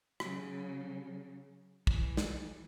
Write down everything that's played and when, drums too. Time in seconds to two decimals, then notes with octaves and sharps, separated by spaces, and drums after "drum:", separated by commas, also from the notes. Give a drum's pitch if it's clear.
0.20 C#3 F#3, drum: rim click
1.87 E3, drum: kick
2.17 drum: snare